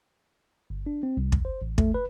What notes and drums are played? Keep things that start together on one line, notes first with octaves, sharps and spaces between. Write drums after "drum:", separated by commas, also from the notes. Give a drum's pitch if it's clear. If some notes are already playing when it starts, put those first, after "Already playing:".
G1
D4
C4
C2
drum: kick
C5
A1
A3, drum: kick
B4